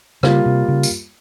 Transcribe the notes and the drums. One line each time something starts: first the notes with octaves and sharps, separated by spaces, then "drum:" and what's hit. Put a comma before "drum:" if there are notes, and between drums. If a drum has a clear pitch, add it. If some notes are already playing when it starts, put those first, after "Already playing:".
C#3 G3 A#3 F4, drum: rim click
C3
C#3
drum: tambourine